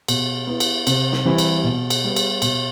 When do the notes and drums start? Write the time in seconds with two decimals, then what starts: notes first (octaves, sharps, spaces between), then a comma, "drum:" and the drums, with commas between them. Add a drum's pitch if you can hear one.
0.08 B2, drum: cymbal
0.47 B3 E4
0.60 drum: cymbal
0.87 C3, drum: cymbal
1.12 drum: snare
1.25 E3 G3 C4 E4
1.38 drum: cymbal
1.64 B2
1.90 drum: cymbal
2.04 G3 B3
2.16 drum: cymbal
2.42 B2, drum: cymbal